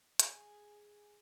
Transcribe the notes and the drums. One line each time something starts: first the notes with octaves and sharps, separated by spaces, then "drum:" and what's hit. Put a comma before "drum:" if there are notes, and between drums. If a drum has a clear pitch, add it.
G#4, drum: hi-hat